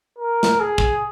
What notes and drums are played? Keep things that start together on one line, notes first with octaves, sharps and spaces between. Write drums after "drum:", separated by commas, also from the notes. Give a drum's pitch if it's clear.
A#4
drum: snare
G#4
drum: kick